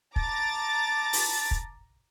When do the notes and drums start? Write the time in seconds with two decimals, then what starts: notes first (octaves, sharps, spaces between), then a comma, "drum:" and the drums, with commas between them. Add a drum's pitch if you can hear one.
0.16 A5 A#5 D6 A6, drum: kick
1.13 drum: open hi-hat
1.51 drum: kick